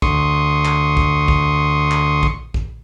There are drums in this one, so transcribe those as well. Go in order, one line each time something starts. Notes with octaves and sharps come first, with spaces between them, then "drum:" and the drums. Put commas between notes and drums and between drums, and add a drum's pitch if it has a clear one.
D2 C6 C#6 D#6, drum: kick A#1
drum: clap
drum: kick A#1
drum: kick A#1
drum: clap
drum: kick A#1
drum: kick A#1